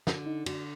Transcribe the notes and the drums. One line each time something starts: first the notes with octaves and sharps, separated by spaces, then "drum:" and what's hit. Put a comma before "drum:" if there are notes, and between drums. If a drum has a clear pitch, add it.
D3 F#4, drum: snare
D#4
D3 F#4, drum: cymbal